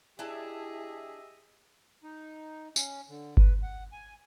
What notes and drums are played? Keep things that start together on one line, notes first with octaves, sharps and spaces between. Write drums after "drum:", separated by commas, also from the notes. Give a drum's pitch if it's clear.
D4 E4 G4 G#4 D#5 E5 A5
D#4
C#4, drum: tambourine
D3
B4, drum: kick G1
F#5
G#5